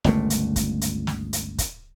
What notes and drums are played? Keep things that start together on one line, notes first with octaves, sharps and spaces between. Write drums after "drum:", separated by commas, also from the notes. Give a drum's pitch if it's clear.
G1 C#2 A#2 A3, drum: snare
drum: hi-hat
drum: kick, hi-hat
drum: hi-hat
drum: snare
drum: hi-hat
drum: kick, hi-hat